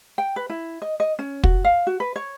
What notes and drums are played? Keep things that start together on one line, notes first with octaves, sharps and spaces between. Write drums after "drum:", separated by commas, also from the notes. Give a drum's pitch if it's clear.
G5
B4
E4
D#5
D#5
C#4
F#4, drum: kick
F5
F#4
B4
C#5